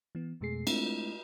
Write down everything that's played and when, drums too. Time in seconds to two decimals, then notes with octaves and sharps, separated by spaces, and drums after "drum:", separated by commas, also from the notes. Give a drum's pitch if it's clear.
0.15 E3 B3
0.41 F2 B2 G#3 A3 G#4 C7
0.67 G#3 A3 C4 D4 E4 F4, drum: cymbal